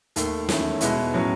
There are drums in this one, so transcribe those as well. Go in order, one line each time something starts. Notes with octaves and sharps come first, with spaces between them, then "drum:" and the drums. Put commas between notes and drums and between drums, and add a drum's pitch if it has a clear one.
D#2 D#3 A3, drum: hi-hat
E2 D#3 A3 C#4 E4, drum: snare
B2 G#3 B3 E4, drum: hi-hat
A2 F#3 C#4